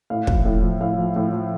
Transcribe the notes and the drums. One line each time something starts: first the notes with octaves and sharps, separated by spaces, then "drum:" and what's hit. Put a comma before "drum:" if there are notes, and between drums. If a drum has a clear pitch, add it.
A2 F5
F3, drum: kick
A2
F3
A2 F5
F3
A2
F3